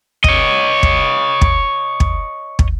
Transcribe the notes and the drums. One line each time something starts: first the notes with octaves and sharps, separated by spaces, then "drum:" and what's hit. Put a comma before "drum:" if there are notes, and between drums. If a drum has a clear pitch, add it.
C#5 D#5, drum: kick
drum: kick
drum: kick
drum: kick
drum: kick